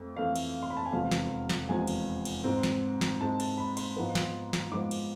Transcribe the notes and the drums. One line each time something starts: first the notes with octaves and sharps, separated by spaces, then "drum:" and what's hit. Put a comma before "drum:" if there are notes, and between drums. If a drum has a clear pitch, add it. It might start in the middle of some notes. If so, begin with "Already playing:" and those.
Already playing: F2 A3
F2 E3 A3 F5
drum: cymbal
C6
B5
A5
G#5
F1 E2 C3 F3 G#3 F5
drum: snare
drum: snare
F1 E2 C3 F3 G#3 G#5
drum: cymbal
drum: cymbal
G#2 G#3 C4
drum: snare
drum: snare
G#2 G#3 C4 A5
A5, drum: cymbal
B5
C6, drum: cymbal
G#2 F3 G#3 B3
drum: snare
drum: snare
G#2 F3 G#3 B3 D6
drum: cymbal